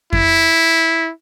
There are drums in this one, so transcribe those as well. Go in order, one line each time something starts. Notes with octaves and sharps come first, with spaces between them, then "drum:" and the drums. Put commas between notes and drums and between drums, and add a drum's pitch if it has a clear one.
E4, drum: kick F2